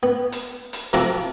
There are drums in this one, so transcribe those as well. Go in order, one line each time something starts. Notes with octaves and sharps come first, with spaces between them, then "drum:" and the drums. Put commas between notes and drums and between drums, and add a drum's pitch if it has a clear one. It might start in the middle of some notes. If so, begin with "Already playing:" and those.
B3
drum: hi-hat
drum: hi-hat
C3 F3 F#4 A4 A#5 D6, drum: hi-hat